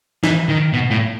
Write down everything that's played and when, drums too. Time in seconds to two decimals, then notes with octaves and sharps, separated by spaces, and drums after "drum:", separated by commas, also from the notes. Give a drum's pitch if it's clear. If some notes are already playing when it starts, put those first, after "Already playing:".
0.24 E3, drum: snare
0.49 D#3
0.73 B2
0.90 A2